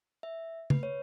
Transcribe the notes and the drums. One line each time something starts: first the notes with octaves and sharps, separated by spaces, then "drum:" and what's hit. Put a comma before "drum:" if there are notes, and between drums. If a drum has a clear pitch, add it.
E5
B4, drum: tom C#3
C#5